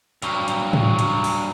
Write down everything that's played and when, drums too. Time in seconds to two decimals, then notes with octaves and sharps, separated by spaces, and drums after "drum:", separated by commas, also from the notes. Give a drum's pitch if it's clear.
0.22 G2 F#3, drum: hi-hat
0.48 drum: hi-hat
0.73 drum: tom
0.99 drum: hi-hat
1.24 drum: open hi-hat